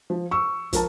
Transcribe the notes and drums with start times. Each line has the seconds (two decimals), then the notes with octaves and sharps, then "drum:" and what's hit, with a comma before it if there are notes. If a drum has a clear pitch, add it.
0.10 F3
0.31 C#6 E6
0.73 F3 A#4 A5, drum: kick, hi-hat